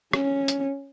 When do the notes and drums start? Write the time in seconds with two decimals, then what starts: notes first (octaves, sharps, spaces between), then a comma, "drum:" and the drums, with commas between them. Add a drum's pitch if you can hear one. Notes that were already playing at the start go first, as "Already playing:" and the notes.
0.13 C#4, drum: rim click
0.48 drum: hi-hat